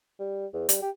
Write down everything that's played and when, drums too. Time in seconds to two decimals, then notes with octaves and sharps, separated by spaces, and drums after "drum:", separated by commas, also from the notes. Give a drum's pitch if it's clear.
0.20 G3
0.54 E2
0.69 G3, drum: hi-hat
0.82 G4